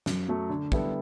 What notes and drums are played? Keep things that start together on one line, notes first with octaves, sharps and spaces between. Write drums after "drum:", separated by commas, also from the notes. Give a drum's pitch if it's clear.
F#2, drum: snare
F#3 A3
D3
G3 B3 E4 A4, drum: kick